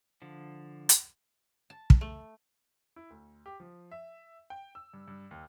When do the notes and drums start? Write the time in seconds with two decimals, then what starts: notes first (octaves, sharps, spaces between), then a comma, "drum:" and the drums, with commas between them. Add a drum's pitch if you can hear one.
0.22 D3 F3
0.89 drum: hi-hat
1.70 A5
1.90 drum: kick
2.01 A3
2.96 E4
3.10 D2
3.46 G4
3.60 F3
3.92 E5
4.50 G5
4.75 E6
4.93 G2
5.08 G2
5.31 D#2